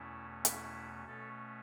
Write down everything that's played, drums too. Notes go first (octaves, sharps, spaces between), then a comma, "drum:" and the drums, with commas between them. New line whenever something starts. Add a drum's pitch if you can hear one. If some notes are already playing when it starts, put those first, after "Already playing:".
Already playing: E2 B2 A3 C#4 E4
E4, drum: hi-hat
B2 A3 C#4 A4